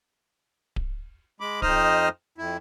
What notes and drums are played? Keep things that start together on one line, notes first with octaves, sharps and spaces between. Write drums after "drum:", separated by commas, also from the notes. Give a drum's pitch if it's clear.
drum: kick D1
G#3 B5 D6
F2 D#4 C5 D#5 D#6 F6, drum: kick D1
F2 E4